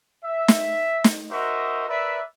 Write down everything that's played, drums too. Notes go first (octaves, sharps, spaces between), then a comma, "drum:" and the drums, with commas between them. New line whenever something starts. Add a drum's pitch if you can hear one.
E5
drum: snare
drum: snare
D#4 F#4 A#4 C5 D#5 E5
A#4 B4 D5 E5